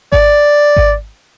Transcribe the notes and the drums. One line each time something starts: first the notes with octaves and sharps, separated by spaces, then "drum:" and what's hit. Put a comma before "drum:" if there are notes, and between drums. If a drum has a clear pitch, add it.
D5, drum: kick G#1
drum: kick G#1